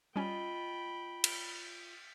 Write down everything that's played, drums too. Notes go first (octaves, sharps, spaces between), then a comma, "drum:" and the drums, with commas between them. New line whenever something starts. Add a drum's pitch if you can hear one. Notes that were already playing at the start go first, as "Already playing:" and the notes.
G3 C#4 F4 D#5 G5 B5
drum: cymbal